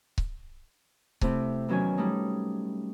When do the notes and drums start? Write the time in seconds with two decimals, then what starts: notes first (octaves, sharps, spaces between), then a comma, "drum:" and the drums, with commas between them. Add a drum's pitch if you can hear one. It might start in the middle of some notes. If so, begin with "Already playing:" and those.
0.18 drum: kick C#1
1.21 C3 A3 C4 E4, drum: kick C#1
1.68 E2 D#3 F#3 C#4 C#5 G#5
1.98 G3 A3 D#4